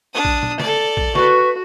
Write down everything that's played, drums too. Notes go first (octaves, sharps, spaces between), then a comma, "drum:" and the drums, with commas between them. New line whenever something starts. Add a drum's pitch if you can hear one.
D4 D#6
drum: kick
drum: tom A#2
A4 D5, drum: snare
drum: kick
F#4 B4 C#6, drum: snare